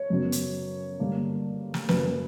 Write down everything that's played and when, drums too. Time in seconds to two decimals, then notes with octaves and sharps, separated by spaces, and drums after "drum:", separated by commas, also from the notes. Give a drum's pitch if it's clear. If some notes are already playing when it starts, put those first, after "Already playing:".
Already playing: C#5
0.10 F#2 C#3 F#3 B3
0.32 drum: hi-hat
1.00 G2 D3 A#3
1.74 drum: snare
1.89 F#2 C#3 F#3 A#3 C#4 B4, drum: snare